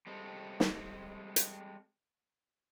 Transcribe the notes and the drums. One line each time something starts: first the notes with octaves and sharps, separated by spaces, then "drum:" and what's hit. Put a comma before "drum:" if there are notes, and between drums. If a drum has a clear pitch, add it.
G3 G#3 C4 A4
drum: snare
drum: hi-hat